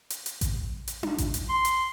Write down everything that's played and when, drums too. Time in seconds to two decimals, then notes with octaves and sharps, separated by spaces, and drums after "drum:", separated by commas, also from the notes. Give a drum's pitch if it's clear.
0.10 drum: hi-hat
0.26 drum: hi-hat
0.41 drum: kick A1, hi-hat
0.88 drum: hi-hat
1.03 drum: tom D4
1.18 drum: kick A1, hi-hat
1.34 drum: hi-hat
1.49 C6
1.65 drum: hi-hat